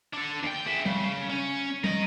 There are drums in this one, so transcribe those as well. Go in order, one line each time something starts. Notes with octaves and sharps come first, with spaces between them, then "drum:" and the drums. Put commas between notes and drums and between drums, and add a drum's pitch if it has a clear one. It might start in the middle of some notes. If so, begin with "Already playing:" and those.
D4 A4
D#2 G5
G#4 E5
C#3, drum: tom
C#4
A#4 D#5, drum: tom